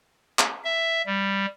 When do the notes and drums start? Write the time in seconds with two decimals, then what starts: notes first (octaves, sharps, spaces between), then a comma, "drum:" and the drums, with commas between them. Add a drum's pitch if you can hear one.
0.39 drum: clap
0.64 E5
1.06 G3